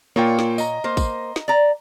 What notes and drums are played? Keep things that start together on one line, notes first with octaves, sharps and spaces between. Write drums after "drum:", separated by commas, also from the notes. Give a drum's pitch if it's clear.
A#2 A#3 F4 C#5 G5
drum: snare
D#5 A#5, drum: tambourine
A#3 C5
drum: kick, tambourine
drum: snare
D5 A#5